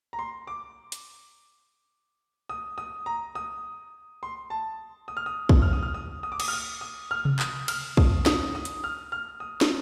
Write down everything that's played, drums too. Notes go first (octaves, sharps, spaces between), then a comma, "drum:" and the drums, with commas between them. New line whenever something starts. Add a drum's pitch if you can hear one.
A#5
C6
D6
drum: hi-hat
D#6
D#6
A#5
D#6
C6
A5
D#6
F6
D#6
drum: kick
F6
D#6
F6
D#6
D#6
D6
D#6, drum: cymbal
F6
D#6
D#6
F6
drum: tom C3
D#6, drum: clap
F6, drum: cymbal
D#6, drum: kick
D#6, drum: snare
D#6
drum: hi-hat
F6
F6
D#6
drum: snare